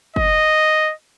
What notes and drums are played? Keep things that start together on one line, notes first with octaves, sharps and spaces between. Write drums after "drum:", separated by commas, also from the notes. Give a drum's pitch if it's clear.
D#5, drum: kick